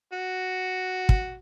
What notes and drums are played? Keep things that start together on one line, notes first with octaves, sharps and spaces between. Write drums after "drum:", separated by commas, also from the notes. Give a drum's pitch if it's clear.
F#4
drum: kick